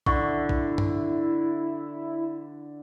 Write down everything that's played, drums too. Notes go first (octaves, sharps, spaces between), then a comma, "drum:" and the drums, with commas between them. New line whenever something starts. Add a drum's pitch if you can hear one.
D3 E4 C#6, drum: kick
drum: kick
drum: tom G2